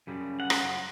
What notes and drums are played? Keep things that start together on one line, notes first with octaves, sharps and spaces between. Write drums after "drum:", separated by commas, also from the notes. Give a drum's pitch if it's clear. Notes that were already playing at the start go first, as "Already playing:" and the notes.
F#2 C#3 G3
F#5
drum: rim click